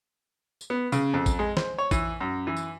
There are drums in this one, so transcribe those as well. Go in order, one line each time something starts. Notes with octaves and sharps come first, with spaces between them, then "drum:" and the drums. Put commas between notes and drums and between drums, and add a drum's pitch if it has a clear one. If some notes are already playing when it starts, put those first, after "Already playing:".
drum: tambourine
B3
C#3, drum: tambourine
F2
drum: kick A#1, tambourine
G#3
C5, drum: snare
C#5
E3, drum: kick A#1, tambourine
F#2
E3
drum: tambourine